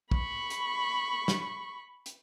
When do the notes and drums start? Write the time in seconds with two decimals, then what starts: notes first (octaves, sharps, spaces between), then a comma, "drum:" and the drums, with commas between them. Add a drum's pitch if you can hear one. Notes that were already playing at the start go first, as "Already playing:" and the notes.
0.11 B5 C#6, drum: kick
0.50 drum: hi-hat
1.28 drum: snare
2.06 drum: hi-hat